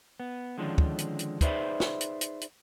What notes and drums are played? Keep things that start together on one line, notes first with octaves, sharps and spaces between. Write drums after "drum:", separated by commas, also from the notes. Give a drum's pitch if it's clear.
B3
D3 D#3 F3 G#3 C#4 D4
drum: kick
drum: hi-hat
drum: hi-hat
D#4 G#4 B4 C5 D5 E5, drum: kick, hi-hat
drum: snare
drum: hi-hat
drum: hi-hat
drum: hi-hat